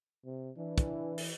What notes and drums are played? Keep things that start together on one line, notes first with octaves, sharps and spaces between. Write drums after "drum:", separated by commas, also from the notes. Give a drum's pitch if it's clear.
C3
E3 D4
drum: kick, hi-hat
drum: open hi-hat